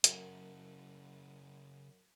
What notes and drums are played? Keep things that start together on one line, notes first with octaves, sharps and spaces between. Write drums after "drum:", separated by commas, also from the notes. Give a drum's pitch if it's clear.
F#2 C#3 A#4, drum: hi-hat